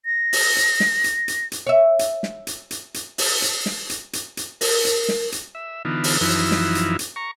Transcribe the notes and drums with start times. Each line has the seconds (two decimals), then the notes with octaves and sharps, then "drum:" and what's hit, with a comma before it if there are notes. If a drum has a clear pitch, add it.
0.06 A#6
0.33 drum: open hi-hat
0.56 drum: hi-hat
0.80 drum: snare
1.04 drum: hi-hat
1.28 drum: hi-hat
1.52 drum: hi-hat
1.67 C#5 E5
1.99 drum: hi-hat
2.23 drum: snare
2.47 drum: hi-hat
2.71 drum: hi-hat
2.94 drum: hi-hat
3.18 drum: open hi-hat
3.42 drum: hi-hat
3.66 drum: snare
3.90 drum: hi-hat
4.13 drum: hi-hat
4.37 drum: hi-hat
4.61 A#4, drum: open hi-hat
4.85 drum: hi-hat
5.09 drum: snare
5.32 drum: hi-hat
5.55 E5
5.85 D3 E3 B3 D#4 F4
6.04 drum: open hi-hat
6.21 F#2 E3 F3 D#4 E4
6.51 drum: snare
6.75 drum: hi-hat
6.99 drum: hi-hat
7.16 A#5 C#6